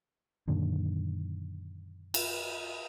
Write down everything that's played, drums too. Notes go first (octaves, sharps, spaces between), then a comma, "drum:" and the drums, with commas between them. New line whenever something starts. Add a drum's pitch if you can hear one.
F#2 A#2 D3 D#3
drum: cymbal